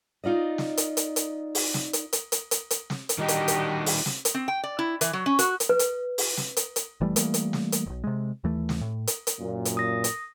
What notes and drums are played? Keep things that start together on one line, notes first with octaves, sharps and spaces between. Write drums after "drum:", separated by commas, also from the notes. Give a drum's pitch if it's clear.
D#4 F4 D5 D#5
drum: snare
drum: hi-hat
drum: hi-hat
drum: hi-hat
drum: open hi-hat
drum: snare
drum: hi-hat
drum: hi-hat
drum: hi-hat
drum: hi-hat
drum: hi-hat
drum: snare
drum: hi-hat
D#3 G3 D4 D#4 F#4 G4 D#5
drum: hi-hat
drum: hi-hat
drum: open hi-hat
drum: snare
drum: hi-hat
C4
G5
D5
E4
E3, drum: hi-hat
F#3
C#4
F#4, drum: hi-hat
drum: hi-hat
B4
drum: hi-hat
drum: open hi-hat
drum: snare
drum: hi-hat
drum: hi-hat
F#1 E3 G3 A3
E3 G3 A3 A#3, drum: hi-hat
drum: hi-hat
drum: snare
drum: hi-hat
E1 B1
C3 G#3
D#2 E3 A3
drum: snare
A2
drum: hi-hat
drum: hi-hat
F#2 A#2
drum: hi-hat
D#6 A#6
drum: hi-hat